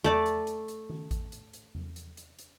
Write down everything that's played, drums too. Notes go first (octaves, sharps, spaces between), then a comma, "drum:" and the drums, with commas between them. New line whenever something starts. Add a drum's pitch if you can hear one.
A3 D5 D6, drum: tom E2
drum: hi-hat
drum: hi-hat
drum: hi-hat
drum: tom D#3
drum: kick A1, hi-hat
drum: hi-hat
drum: hi-hat
drum: tom E2
drum: hi-hat
drum: hi-hat
drum: hi-hat